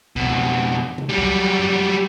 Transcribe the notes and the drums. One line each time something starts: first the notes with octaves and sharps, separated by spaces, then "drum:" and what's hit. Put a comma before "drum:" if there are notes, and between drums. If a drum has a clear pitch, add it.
F2 B2, drum: kick
drum: tom C3
F#3 G3
drum: kick
drum: tom F#2